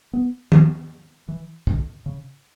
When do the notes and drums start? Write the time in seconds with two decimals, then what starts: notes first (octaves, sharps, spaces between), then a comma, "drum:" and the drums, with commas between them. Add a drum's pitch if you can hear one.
0.13 B3
0.52 F3, drum: tom D#3
1.28 E3
1.67 D3, drum: kick
2.06 C#3